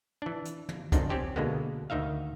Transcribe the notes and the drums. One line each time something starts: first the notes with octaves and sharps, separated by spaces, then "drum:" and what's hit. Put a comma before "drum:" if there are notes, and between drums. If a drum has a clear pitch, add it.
E3 D4
drum: hi-hat
drum: tom
G1 C2 F#2 D4 D#4, drum: kick C2, hi-hat
C4 C#4 G4 C5
B2 D3 G#3 A#3 B3
D2 D#3 D#4 E5 F5